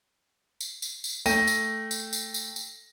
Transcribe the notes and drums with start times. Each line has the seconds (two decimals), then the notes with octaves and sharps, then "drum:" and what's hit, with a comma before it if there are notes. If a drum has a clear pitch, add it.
0.60 drum: tambourine
0.82 drum: tambourine
1.04 drum: tambourine
1.26 A3 G5 A#6 D#7, drum: tambourine
1.47 drum: tambourine
1.91 drum: tambourine
2.13 drum: tambourine
2.34 drum: tambourine
2.56 drum: tambourine